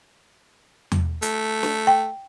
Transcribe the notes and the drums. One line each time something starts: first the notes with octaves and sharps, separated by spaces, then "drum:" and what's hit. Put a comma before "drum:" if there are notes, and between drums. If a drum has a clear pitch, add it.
drum: tom E2
A3, drum: hi-hat
drum: snare
G5